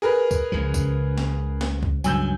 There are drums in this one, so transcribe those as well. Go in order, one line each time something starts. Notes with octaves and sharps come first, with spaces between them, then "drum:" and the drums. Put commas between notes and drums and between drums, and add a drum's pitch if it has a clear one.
G#4 A#4 B4
drum: kick, tambourine
C#2 C#3 F3
drum: kick, tambourine
drum: snare
drum: snare
drum: kick
C#2 G2 F#3 G#5 E6 G6, drum: tambourine